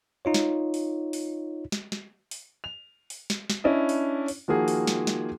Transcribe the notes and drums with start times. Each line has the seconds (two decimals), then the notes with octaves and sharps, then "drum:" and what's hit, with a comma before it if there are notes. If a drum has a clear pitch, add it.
0.25 D#4 F4 C#5
0.34 drum: snare
0.74 drum: open hi-hat
1.13 drum: open hi-hat
1.72 drum: snare
1.92 drum: snare
2.31 drum: open hi-hat
2.64 F7
3.10 drum: open hi-hat
3.30 drum: snare
3.50 drum: snare
3.64 C#4 D4 E4 D5 D#5
3.89 drum: open hi-hat
4.28 drum: open hi-hat
4.48 D#3 F3 A#3 F#4 G#4
4.68 drum: open hi-hat
4.87 drum: snare
5.07 drum: snare